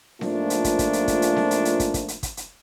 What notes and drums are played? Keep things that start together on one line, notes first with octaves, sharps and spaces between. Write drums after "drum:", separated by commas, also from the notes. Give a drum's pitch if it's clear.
G#2 F3 A3 A#3 D4 F4, drum: snare C4
drum: hi-hat
drum: kick, hi-hat
drum: kick, hi-hat
drum: hi-hat
drum: kick, hi-hat
drum: hi-hat
drum: snare C4
drum: hi-hat
drum: hi-hat
drum: kick, hi-hat
drum: kick, hi-hat
drum: hi-hat
drum: kick, hi-hat
drum: hi-hat